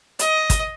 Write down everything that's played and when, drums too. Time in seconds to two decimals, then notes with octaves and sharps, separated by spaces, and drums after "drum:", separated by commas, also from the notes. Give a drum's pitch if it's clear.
0.19 D#5, drum: hi-hat
0.50 drum: kick, hi-hat